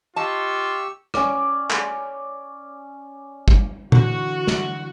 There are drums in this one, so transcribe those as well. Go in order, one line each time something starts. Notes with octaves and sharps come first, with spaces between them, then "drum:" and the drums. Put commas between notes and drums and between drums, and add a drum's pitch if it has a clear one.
F4 G4 D#5 A5 C#6 E6
C#4 D5, drum: rim click
drum: clap
drum: kick
D3 E3 F#4, drum: tom A#2
drum: snare